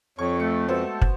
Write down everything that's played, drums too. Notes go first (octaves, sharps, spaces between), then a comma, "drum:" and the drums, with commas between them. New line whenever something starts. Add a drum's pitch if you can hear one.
F2 C#5 C#6
A3 C#7
G#3 A3 B3 F#4 A4 C5
drum: kick